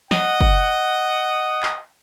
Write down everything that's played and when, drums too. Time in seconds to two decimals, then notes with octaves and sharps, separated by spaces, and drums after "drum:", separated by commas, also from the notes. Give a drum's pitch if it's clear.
0.11 D#5 F#5, drum: snare
0.41 drum: kick
1.63 drum: clap